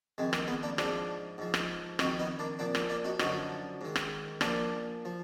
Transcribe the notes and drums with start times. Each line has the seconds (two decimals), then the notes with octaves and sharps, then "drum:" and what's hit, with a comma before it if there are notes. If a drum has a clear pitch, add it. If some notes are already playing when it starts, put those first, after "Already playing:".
0.18 F2 D#3 G#3
0.33 A#3, drum: rim click
0.47 G#3 B3
0.63 A#3 D4
0.78 G#2 F3 D4 F4, drum: rim click
1.38 G#2 F3
1.54 drum: rim click
1.99 F2 D#3 D#4 F#4, drum: rim click
2.19 B3 D#4
2.39 A#3 D4
2.59 A#2 F3 A#3 D4
2.75 A#3, drum: rim click
2.89 A#3 D4
3.04 D#4 F#4
3.19 F#2 D3 F3 D#4 F#4, drum: rim click
3.81 G#2 D#3
3.96 drum: rim click
4.41 A#2 F3 D4 F4, drum: rim click
5.05 F3